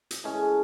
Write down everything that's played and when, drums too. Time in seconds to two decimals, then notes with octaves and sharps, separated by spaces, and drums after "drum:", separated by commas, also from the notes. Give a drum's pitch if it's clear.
0.11 drum: hi-hat
0.24 A2 E3 G#3 C#4